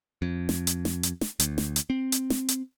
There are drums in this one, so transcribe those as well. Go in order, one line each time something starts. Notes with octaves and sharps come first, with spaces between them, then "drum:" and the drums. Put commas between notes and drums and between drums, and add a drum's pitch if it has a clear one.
F2
drum: snare
drum: hi-hat
drum: snare
drum: hi-hat
drum: snare
D2, drum: hi-hat
drum: snare
drum: hi-hat
C4
drum: hi-hat
drum: snare
drum: hi-hat